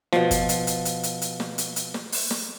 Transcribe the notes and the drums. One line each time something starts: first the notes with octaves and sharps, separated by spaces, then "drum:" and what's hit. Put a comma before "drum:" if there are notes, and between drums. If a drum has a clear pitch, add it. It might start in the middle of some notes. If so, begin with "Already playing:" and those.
B2 F3, drum: snare
drum: kick F#1, hi-hat
drum: hi-hat
drum: hi-hat
drum: hi-hat
drum: hi-hat
drum: hi-hat
drum: snare
drum: hi-hat
drum: hi-hat
drum: snare
drum: open hi-hat
drum: snare